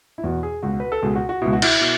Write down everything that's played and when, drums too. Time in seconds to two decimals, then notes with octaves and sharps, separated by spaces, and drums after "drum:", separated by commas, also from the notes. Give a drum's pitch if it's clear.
0.18 E4
0.24 E2 B2 F#4
0.43 G#4
0.63 C#2 B2 F#4
0.80 B4
0.92 A4
1.03 C#2 B2 G#4
1.16 F#4
1.29 F#4
1.42 C#2 B2 E4
1.53 F#4
1.62 E4, drum: cymbal
1.81 B2